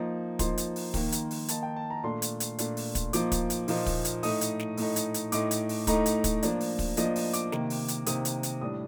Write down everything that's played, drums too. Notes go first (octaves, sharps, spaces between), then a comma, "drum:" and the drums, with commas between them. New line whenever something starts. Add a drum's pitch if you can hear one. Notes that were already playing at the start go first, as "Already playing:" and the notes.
Already playing: F3 A#3 D#4
F3 A#3 D#4 C6, drum: kick, hi-hat
drum: hi-hat
drum: open hi-hat
D#3 A#3 D#4, drum: kick, open hi-hat
drum: hi-hat
drum: open hi-hat
D#3 A#3 D#4 A5, drum: hi-hat
G5
A5
A#5
A#2 A3 D4 C6
drum: hi-hat
drum: hi-hat
A#2 A3 D4, drum: hi-hat
drum: open hi-hat
drum: kick, hi-hat
A#2 F3 A#3 D#4 D6, drum: hi-hat
drum: kick, hi-hat
drum: hi-hat
A#2 F3 A#3 D#4, drum: open hi-hat
drum: kick, open hi-hat
drum: hi-hat
A2 A3 D#4 D#6, drum: open hi-hat
drum: hi-hat
drum: snare
A2 A3 D#4, drum: open hi-hat
drum: hi-hat
drum: hi-hat
A2 A3 D#4 D6, drum: hi-hat
drum: hi-hat
drum: open hi-hat
A2 A3 D#4 A#5, drum: kick, hi-hat
drum: hi-hat
drum: kick, hi-hat
F3 A#3 D4, drum: hi-hat
drum: open hi-hat
drum: kick, open hi-hat
F3 A#3 D4 D#5, drum: hi-hat
D#5, drum: open hi-hat
D6, drum: hi-hat
C3 D#3 A#3, drum: snare
drum: open hi-hat
drum: hi-hat
C3 D#3 A#3 D#6, drum: hi-hat
drum: hi-hat
drum: hi-hat
A2 G3 D4 D#6